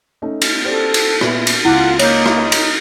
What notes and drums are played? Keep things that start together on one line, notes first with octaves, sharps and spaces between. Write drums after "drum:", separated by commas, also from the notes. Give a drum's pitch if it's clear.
A3 C#4 D#4
drum: cymbal
G4 A4 C5 D5
drum: cymbal
A#2 B3 E4, drum: rim click
drum: cymbal
C#2 E4 F4 F#5 D6
A#3 D#4 C#5 G6, drum: cymbal
drum: rim click
drum: cymbal